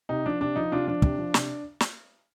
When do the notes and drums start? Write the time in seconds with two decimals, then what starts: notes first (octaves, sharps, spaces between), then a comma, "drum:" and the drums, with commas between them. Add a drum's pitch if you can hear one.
0.09 C3 D#4
0.26 F3 D4
0.41 C3 D4
0.56 F3 D#4
0.72 C3 D4 F4
0.87 F3 D4
1.02 C3, drum: kick
1.18 F3
1.34 C3, drum: snare
1.80 drum: snare